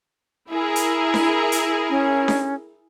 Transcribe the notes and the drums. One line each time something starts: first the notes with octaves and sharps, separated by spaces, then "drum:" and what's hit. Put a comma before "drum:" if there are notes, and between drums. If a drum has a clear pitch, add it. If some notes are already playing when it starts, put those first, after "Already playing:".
E4 G#4 A#4
drum: hi-hat
drum: snare D4
drum: hi-hat
C#4
drum: snare D4